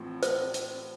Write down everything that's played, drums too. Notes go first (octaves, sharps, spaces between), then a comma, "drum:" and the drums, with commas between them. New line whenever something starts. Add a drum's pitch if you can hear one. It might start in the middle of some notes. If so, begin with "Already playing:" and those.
Already playing: A1 A2 F3 C4
C5, drum: hi-hat
drum: hi-hat